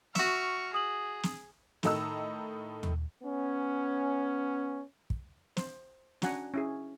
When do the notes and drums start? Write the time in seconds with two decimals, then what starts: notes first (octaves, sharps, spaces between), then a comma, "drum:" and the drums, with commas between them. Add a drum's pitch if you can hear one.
0.15 F#4 E5 C#6 F6, drum: snare
0.74 G#4 D#6 F#7
1.23 drum: snare
1.83 A2 D#3 A4 D#5 A#5 E6, drum: snare
2.83 drum: tom D#2
3.24 B3 C#4
5.10 drum: kick
5.57 C5, drum: snare
6.22 C#4 D4 F#4 F#5 G#5 A#5, drum: snare
6.54 C#4 E4 G#4